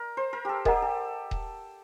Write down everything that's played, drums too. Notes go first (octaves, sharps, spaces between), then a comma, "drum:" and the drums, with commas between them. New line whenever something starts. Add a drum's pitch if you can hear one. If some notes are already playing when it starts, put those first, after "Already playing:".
Already playing: A#4 D5
C5
A#4
G4 A4
G4 A#4 D#5 F#5 A#5, drum: kick D#1
A4
drum: kick D#1